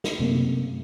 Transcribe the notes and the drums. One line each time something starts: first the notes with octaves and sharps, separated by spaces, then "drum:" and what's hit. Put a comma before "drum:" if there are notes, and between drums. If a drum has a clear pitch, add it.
drum: snare
F#2 C3 A3 A#3